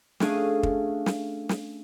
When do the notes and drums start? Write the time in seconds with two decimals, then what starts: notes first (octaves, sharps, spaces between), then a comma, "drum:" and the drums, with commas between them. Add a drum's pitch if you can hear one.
0.20 A3 C#4 D4 G#4 F5 D#6, drum: snare
0.63 drum: kick
1.06 drum: snare
1.49 drum: snare